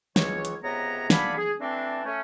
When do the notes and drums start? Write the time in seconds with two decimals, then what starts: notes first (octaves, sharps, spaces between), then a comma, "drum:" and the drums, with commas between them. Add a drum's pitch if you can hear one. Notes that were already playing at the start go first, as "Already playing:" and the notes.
0.16 C#2 E3 C#5, drum: snare
0.45 drum: hi-hat
0.62 C#2 C3 B3 C#5 A#5
1.10 A4 D5 F5 F#5 G#5 B5, drum: snare
1.37 G#4
1.60 E3 A3 C4 D4
2.05 A3 C#4